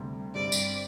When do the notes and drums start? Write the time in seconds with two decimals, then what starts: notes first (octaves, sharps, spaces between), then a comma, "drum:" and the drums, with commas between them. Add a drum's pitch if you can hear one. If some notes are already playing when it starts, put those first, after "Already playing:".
Already playing: D2 C3 G3
0.34 G1 G2 G3 C4 G4 D5
0.52 drum: tambourine